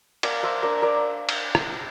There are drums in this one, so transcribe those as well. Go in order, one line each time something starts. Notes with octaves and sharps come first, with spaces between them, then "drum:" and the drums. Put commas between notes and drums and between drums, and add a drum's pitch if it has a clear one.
A#3 D5 F5, drum: cymbal
C5 E5
D4 A#4 D5
A#4 D5
drum: cymbal
drum: rim click